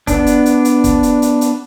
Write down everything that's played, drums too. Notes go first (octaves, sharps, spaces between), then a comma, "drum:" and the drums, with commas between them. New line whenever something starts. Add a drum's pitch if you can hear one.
B3 D4, drum: kick, hi-hat
drum: hi-hat
drum: hi-hat
drum: hi-hat
drum: kick, hi-hat
drum: hi-hat
drum: hi-hat
drum: hi-hat